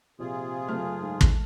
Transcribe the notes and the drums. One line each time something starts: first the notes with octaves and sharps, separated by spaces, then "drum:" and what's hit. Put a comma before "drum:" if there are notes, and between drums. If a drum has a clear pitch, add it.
A#1 C3 F4 G#4
F#1 A3 F6
G#2
drum: kick